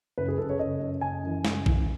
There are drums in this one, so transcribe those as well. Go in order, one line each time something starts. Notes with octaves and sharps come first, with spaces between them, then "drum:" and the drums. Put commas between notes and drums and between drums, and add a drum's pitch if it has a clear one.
F#1 B4
G#4
F#2 C#3 A4
C#5
F#1 D#5
F#2 C#3
F#1 G#5
F#2 E3
F#1, drum: snare
F#2 E3, drum: kick A1